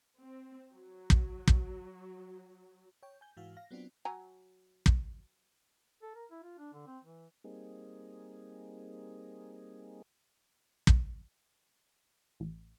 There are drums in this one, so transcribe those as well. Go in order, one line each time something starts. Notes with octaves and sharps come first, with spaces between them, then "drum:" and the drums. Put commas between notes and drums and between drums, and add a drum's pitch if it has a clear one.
C4
F#3
drum: kick
drum: kick
C#5 G5
G#5 G6
G#2 E3 F#4 F5
F5 A#6
F#3 B3 C4 D4 F4
F#3 G#5 A#5
drum: kick
A4
A#4
E4
F4
D4
D3
C4
E3
G3 A#3 C4 D#4 G#4
drum: kick
A1